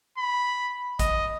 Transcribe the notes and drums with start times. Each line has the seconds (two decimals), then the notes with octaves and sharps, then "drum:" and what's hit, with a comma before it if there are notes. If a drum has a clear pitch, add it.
0.18 B5
0.99 D#5, drum: kick A1, hi-hat